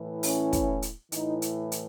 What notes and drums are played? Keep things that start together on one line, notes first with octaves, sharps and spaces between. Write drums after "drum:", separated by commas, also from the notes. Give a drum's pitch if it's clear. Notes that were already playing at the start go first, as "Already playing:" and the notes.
Already playing: A2 E3
C#4, drum: open hi-hat
drum: kick, hi-hat
drum: hi-hat
A2 E3 D#4, drum: hi-hat
drum: hi-hat
drum: hi-hat